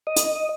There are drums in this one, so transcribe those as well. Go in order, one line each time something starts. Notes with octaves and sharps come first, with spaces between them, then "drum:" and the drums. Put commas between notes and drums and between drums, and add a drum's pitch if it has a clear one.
D#5
drum: hi-hat